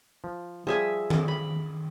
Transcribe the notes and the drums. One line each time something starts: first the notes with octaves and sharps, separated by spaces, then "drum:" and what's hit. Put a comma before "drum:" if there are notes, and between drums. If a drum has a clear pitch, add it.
F3
F3 G3 G#4 E5 G#5
drum: tom D#3
B5